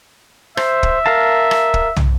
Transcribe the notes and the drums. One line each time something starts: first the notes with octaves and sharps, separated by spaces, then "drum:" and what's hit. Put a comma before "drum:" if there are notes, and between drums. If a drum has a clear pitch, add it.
C5 E5, drum: rim click
drum: kick
A#4 F5 A5
drum: rim click
drum: kick
drum: tom